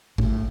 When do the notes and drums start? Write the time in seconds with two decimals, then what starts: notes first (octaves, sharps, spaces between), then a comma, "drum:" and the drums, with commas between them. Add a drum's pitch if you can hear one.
0.18 A2, drum: kick